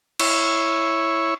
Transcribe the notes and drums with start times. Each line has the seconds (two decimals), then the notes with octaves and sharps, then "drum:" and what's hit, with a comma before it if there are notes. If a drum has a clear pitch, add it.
0.20 E4 C#5, drum: cymbal